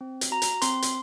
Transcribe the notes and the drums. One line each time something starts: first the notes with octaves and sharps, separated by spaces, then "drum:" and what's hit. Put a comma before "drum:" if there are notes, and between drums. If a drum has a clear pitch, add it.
C4
drum: hi-hat
F#4 A#5
drum: hi-hat
C4 C6, drum: hi-hat
drum: hi-hat